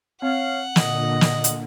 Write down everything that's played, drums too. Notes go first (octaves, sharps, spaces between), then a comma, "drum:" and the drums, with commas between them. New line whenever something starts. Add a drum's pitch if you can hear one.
C4 C#5 F5 F#5
A#2 D3 D#5, drum: snare
drum: snare
drum: hi-hat